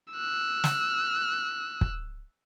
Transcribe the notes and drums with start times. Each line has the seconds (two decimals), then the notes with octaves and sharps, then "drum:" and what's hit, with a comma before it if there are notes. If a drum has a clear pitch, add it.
0.13 E6 F#6
0.64 drum: snare
1.81 drum: kick